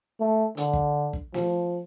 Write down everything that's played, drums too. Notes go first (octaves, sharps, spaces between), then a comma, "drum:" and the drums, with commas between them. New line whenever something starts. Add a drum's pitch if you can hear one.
A3
D3, drum: hi-hat
drum: kick
drum: kick
F3, drum: snare